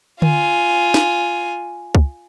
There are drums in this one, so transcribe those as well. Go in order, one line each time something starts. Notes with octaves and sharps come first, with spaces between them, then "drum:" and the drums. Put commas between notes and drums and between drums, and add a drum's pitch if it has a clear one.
F4 G#5, drum: tom D3
drum: snare
drum: kick C#2